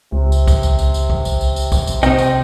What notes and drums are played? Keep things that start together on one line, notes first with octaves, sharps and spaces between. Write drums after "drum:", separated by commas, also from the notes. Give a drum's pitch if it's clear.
C#2 C3
drum: tambourine
drum: kick B1, tambourine
drum: tambourine
drum: tambourine
drum: tambourine
drum: kick B1
drum: tambourine
drum: tambourine
drum: tambourine
drum: kick B1, tambourine
drum: tambourine
C3 C4 C5 D#5 G5, drum: tambourine
drum: tambourine